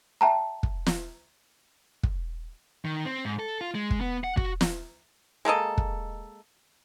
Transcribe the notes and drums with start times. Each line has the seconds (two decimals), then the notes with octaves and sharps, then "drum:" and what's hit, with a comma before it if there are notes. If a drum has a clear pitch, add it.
0.21 E5 G5 A5 A#5
0.63 drum: kick
0.86 drum: snare
2.03 drum: kick
2.85 D#3
3.05 C4
3.25 G#2
3.39 A4
3.61 F4
3.75 G#3
3.90 drum: kick
4.01 B3
4.24 F#5
4.37 F#4, drum: kick
4.61 drum: snare
5.45 G#3 A#3 A4 D#5
5.78 drum: kick